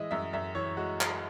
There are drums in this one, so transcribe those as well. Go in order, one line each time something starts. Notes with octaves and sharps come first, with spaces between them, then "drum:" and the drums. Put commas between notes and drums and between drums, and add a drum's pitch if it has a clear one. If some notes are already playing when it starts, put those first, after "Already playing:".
Already playing: E3 G#3 D#5 E5
F#2 E5
F#2 E5
E3 C#5
G#3 F#4
drum: clap